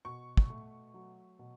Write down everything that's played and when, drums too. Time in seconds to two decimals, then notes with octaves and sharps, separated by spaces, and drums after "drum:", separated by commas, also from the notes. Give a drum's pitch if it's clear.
0.05 B2 C#6
0.37 drum: kick
0.50 A3
0.94 F#3
1.39 B2